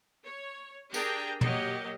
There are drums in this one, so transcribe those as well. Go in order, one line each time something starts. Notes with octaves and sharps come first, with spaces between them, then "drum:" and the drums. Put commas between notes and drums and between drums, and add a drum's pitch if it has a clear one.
C#5
D4 G4 G#4 A#4 G5 A#5, drum: tambourine
F#3 A#3 G4 D#5, drum: tom